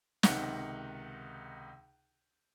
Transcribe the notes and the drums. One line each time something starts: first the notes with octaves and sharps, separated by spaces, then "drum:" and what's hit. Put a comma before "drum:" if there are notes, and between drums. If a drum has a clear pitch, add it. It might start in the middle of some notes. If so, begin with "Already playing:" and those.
C#2 C3 D#3 D#4 F#5 G7, drum: snare